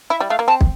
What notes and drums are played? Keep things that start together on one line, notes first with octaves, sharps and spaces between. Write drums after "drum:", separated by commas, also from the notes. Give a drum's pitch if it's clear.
E4 E5
G3
A3 F5
A#3
C4 A5
drum: kick